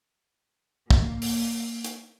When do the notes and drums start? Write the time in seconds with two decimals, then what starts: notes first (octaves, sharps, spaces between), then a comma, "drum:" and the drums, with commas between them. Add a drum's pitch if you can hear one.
0.91 A#3, drum: kick
1.22 drum: open hi-hat
1.84 drum: hi-hat